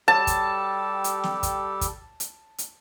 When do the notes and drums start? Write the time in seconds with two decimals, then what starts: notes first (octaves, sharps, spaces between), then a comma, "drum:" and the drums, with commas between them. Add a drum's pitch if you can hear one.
0.08 G3 G4 A4 A5
0.27 drum: kick, hi-hat
1.04 drum: hi-hat
1.23 drum: snare
1.43 drum: kick, hi-hat
1.81 drum: kick, hi-hat
2.20 drum: hi-hat
2.58 drum: hi-hat